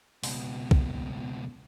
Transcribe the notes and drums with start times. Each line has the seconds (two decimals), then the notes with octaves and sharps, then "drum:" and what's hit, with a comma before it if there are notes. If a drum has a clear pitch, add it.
0.23 C#2 B2, drum: open hi-hat
0.71 drum: kick